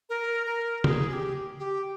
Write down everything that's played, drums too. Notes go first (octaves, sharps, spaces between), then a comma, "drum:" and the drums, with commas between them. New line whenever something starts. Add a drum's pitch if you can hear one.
A#4
A#4
G#4, drum: tom C#3
G#4
G4
G4